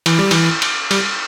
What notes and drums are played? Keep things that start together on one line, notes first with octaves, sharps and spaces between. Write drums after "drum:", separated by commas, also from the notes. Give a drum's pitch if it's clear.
E3, drum: cymbal
G3
E3, drum: cymbal
drum: cymbal
G3, drum: cymbal